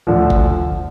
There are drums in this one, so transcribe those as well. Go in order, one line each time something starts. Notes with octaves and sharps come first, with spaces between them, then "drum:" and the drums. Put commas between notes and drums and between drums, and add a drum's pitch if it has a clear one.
D2 D3 F3
drum: kick G#1